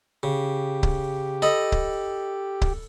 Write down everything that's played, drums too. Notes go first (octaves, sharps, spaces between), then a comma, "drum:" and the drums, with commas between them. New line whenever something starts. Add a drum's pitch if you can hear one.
C#3 G4
drum: kick C#1
A4 D#5 B5
drum: kick C#1
drum: kick C#1